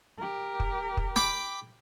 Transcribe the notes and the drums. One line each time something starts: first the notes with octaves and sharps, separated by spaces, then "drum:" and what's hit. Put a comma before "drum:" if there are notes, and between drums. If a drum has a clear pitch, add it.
G4 A#4
drum: kick
drum: kick
G5 B5 D6, drum: snare